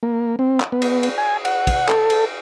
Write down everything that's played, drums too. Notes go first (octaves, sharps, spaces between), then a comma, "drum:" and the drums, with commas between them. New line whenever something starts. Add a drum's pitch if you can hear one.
A#3
C4
drum: clap
B3
drum: cymbal
drum: cymbal
G#5
F#5, drum: cymbal
drum: kick, cymbal
A4, drum: clap
drum: cymbal